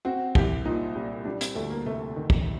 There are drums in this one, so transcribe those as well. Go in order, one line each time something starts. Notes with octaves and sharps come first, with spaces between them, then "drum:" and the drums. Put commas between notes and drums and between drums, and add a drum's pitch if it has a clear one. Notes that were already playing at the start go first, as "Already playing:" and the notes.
C4 F#4
C2 G4, drum: kick
A#2 D#4
G3
G3 D4
C4, drum: hi-hat
D2 A3
A#3
C3 A3
D#3
drum: kick